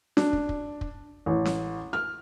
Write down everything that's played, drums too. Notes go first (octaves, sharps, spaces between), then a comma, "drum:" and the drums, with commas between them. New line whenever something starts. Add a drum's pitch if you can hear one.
D4, drum: snare C#4
drum: kick
drum: kick
drum: kick
A1
drum: snare C#4
F6